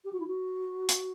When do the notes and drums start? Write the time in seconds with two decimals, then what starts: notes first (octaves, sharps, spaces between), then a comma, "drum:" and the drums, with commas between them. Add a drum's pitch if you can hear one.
0.04 G4
0.12 F#4
0.19 E4
0.26 F#4
0.89 drum: hi-hat